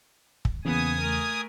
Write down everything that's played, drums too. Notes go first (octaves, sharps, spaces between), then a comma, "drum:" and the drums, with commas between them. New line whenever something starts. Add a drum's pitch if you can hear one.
drum: kick
E2 C#3 A#3 B3 G#5 D#6
A3 A#4